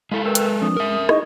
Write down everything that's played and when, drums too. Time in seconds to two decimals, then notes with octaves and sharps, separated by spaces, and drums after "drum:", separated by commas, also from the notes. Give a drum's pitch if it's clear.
0.12 G#3 E4 A4 F5 B5
0.25 A#4 B4 G5 E6
0.35 drum: hi-hat
0.62 F3 C4 D4 D#6
0.77 G#3 A#4 E5
1.09 D#4 E4 G#4 D#5 C#6, drum: rim click